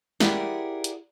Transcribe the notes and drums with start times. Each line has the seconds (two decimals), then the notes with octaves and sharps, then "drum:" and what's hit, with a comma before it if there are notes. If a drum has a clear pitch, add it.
0.20 E4 G4 G#4 A#4 D5 F#5, drum: snare
0.84 drum: hi-hat